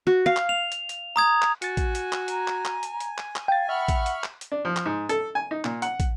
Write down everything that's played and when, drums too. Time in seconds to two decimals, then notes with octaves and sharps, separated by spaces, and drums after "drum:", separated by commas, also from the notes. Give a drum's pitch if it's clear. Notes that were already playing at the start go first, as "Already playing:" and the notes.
0.07 F#4
0.26 F5
0.37 drum: clap
0.49 F7
0.72 drum: hi-hat
0.89 drum: hi-hat
1.16 A#5 D#6 G#6
1.42 drum: clap
1.62 F#4 G#5 A6 C#7, drum: hi-hat
1.77 drum: kick, hi-hat
1.95 drum: hi-hat
2.12 drum: clap
2.28 A#5, drum: hi-hat
2.48 drum: clap
2.65 drum: clap
2.83 drum: hi-hat
3.00 drum: hi-hat
3.18 drum: clap
3.36 drum: clap
3.48 F5 G5 A6
3.69 E5 F#5 B5 C#6 F6
3.88 drum: kick, hi-hat
4.06 drum: hi-hat
4.24 drum: clap
4.41 drum: hi-hat
4.52 D4
4.65 F3
4.76 drum: clap
4.86 G#2
5.09 A4, drum: hi-hat
5.35 G#5
5.51 D#4
5.64 A#2, drum: clap
5.82 F#5, drum: hi-hat
6.00 drum: kick, hi-hat